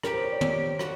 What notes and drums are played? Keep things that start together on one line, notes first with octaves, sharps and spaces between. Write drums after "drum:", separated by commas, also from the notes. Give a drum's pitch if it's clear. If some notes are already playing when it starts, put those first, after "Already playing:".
G4 A#4, drum: rim click
C5
C#5
D5
C#5, drum: tom
F#4, drum: rim click